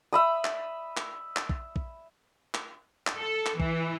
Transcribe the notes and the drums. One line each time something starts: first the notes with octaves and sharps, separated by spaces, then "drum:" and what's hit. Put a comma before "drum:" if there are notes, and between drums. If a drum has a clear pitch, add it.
E5 B5 D#6
drum: clap
drum: clap
drum: clap
drum: kick
drum: kick
drum: clap
drum: clap
A4
drum: clap
E3, drum: kick